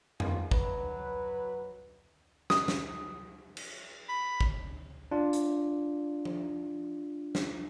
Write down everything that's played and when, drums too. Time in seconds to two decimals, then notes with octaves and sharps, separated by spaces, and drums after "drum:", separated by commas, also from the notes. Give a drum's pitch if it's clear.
0.20 A#1 G#2 D#3 B3 F4, drum: tom F2
0.51 F#3 B4, drum: kick
2.50 D#6, drum: snare
2.68 drum: snare
3.57 drum: cymbal
4.09 B5
4.41 drum: kick
5.11 D4 F4
5.33 drum: hi-hat
6.25 drum: tom F3
7.35 drum: snare